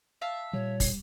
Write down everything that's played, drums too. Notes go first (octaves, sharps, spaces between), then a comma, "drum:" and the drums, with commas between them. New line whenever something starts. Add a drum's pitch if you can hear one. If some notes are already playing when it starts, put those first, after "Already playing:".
E5 F5 A5
A#2 G3 C#5
drum: kick, open hi-hat